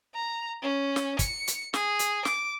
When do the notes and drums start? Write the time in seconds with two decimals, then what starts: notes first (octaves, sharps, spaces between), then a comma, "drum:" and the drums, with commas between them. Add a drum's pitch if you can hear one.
0.14 A#5
0.62 C#4
0.96 drum: snare
1.19 C#7, drum: kick, hi-hat
1.48 drum: hi-hat
1.74 G#4, drum: snare
1.99 drum: hi-hat
2.25 D6, drum: snare